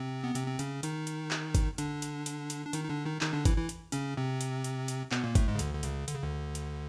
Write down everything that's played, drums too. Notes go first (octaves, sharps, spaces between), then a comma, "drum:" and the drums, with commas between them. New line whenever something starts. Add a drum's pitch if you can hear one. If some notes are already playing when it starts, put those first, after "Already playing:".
Already playing: C3 C4
B3
C3 C4, drum: hi-hat
C4
C#3 C#4, drum: hi-hat
D#3 D#4, drum: hi-hat
drum: hi-hat
drum: clap
drum: kick G1, hi-hat
D3 D4, drum: hi-hat
drum: hi-hat
drum: hi-hat
drum: hi-hat
D4
D#3 D#4, drum: hi-hat
D#4
D3 D4
D#3 D#4
D#3 D#4, drum: clap
D3 D4
E3 E4, drum: kick G1, hi-hat
E3 E4
drum: hi-hat
C#3 C#4, drum: hi-hat
C3 C4
drum: hi-hat
drum: hi-hat
drum: hi-hat
B2 B3, drum: clap
A#2 A#3
A2 A3, drum: kick G1, hi-hat
G#2 G#3
C#3
D2 D3, drum: hi-hat
D3
C#2 C#3, drum: hi-hat
D3, drum: hi-hat
C#3
D2 D3
drum: hi-hat